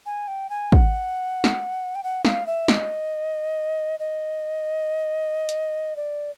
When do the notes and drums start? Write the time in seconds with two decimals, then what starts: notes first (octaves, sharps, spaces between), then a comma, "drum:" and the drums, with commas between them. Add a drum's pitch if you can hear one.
0.06 G#5
0.28 G5
0.50 G#5
0.72 F#5, drum: kick
1.44 drum: snare
1.95 G5
2.04 F#5
2.25 F5, drum: snare
2.46 E5
2.68 D#5, drum: snare
4.00 D#5
5.49 drum: hi-hat
5.96 D5